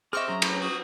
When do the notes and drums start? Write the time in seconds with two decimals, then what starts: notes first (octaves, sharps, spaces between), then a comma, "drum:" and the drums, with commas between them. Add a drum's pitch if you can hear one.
0.13 C4 G#4 D#5 E5 C#6 D6 F6
0.28 F#3 C#4 G#4 A#5
0.42 A2, drum: cymbal
0.62 F#4 D#6